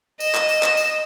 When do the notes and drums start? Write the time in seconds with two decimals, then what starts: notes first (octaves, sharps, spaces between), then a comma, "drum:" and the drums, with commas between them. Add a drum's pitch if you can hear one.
0.20 D#5 E7, drum: tambourine
0.35 drum: clap
0.49 drum: tambourine
0.63 drum: clap
0.77 drum: tambourine